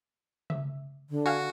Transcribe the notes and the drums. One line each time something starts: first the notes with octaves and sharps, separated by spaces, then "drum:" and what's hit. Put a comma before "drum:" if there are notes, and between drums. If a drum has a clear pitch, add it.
E5, drum: tom C#3
D3
F#4 F5 F#5 G#5